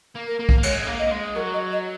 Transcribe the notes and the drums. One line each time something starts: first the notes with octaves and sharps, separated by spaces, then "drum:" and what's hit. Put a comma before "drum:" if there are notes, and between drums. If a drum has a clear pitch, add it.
A#3
A#4
A#3
drum: kick B1
A#3
G#3 C#5, drum: cymbal
A#3
D#5
A#3
G#3
F#3 A#4
D#5
D#5